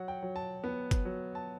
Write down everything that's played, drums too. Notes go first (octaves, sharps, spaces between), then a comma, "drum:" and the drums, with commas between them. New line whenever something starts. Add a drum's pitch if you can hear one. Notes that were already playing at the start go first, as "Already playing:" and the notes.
Already playing: F#3 F#5
G5
F#3
A5
B3
drum: kick, hi-hat
F#3
A5